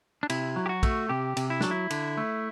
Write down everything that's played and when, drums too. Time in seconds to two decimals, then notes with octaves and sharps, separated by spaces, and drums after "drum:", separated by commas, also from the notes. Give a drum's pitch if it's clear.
0.23 D4
0.30 C3 E4, drum: cymbal
0.56 F#3
0.66 G4
0.69 F#4
0.83 A3, drum: kick, cymbal
1.09 C3 G4
1.37 C3, drum: cymbal
1.50 E4
1.61 F#3 D4, drum: snare
1.71 E4
1.90 D3, drum: cymbal
2.17 A3